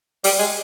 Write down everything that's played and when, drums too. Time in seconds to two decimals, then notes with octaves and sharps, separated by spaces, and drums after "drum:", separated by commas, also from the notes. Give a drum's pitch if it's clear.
0.24 G3, drum: open hi-hat
0.39 G#3